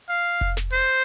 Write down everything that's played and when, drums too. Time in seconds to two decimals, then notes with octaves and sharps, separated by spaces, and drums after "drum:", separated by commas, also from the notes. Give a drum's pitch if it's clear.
0.09 F5
0.41 drum: kick F1
0.57 drum: snare
0.73 C5